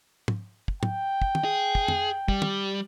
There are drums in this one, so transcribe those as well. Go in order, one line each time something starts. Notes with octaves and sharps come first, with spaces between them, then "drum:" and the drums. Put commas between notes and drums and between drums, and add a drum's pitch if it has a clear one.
drum: tom
drum: kick
G5, drum: tom
drum: kick
drum: tom
G#4
drum: kick
drum: tom
G3, drum: kick
drum: tom